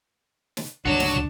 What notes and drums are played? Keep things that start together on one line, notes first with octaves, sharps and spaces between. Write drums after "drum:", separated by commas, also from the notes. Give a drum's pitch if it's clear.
drum: snare
C#2 G2 D3 D4 F#4 C#5 E7
drum: snare
drum: tom